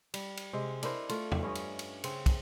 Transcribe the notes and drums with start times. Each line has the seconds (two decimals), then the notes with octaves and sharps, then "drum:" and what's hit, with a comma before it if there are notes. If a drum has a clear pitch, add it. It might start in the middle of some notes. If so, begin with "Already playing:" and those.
0.14 G3, drum: cymbal
0.37 drum: cymbal
0.53 C3 G#3
0.83 D4 E4 A#4 C5, drum: cymbal
1.09 A3 F4, drum: cymbal
1.32 drum: tom E2
1.43 G2 C#4 D#5
1.55 drum: cymbal
1.79 drum: cymbal
2.04 C#3 C4, drum: cymbal
2.26 drum: kick, cymbal